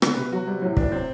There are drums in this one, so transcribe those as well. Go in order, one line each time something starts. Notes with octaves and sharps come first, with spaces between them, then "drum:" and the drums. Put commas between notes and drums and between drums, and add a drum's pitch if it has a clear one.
D3 B3, drum: rim click
C3 B4
F#3 F#4
C3 G3
A2 F#3
E3 D4, drum: kick
F#3 C4